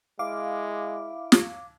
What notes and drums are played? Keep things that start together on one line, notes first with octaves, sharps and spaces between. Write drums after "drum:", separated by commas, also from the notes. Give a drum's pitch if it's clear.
G#3 E4 F5 D6
drum: snare